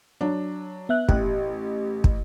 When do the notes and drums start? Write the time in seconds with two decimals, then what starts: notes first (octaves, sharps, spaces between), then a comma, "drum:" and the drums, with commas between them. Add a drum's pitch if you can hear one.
0.21 F#3 D4
0.89 B3 E5 F#6
1.09 A1 G4, drum: kick
2.04 drum: kick